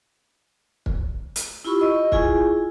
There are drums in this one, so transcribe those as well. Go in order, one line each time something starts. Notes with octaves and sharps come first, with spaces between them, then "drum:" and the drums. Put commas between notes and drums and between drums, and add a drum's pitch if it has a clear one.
drum: kick
drum: hi-hat
E4 F4 G4 B5 C#6 E6
D#5 C#6
E4 F4 G#4 G#5, drum: kick